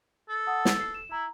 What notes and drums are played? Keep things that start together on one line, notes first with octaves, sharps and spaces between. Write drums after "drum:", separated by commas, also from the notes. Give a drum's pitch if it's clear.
A4
F#5 A5 D#6
drum: snare
C7
E7
E4 A#5